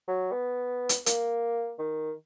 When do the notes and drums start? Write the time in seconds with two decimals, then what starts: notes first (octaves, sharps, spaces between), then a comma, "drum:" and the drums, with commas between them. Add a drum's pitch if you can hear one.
0.08 F#3
0.32 B3
0.89 drum: hi-hat
1.06 A#3, drum: hi-hat
1.79 D#3